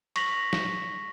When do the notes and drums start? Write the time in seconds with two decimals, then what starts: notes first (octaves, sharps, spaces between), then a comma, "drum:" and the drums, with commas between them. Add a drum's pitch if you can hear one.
0.16 C#6 A#6 B6 F7 F#7, drum: cymbal
0.53 drum: snare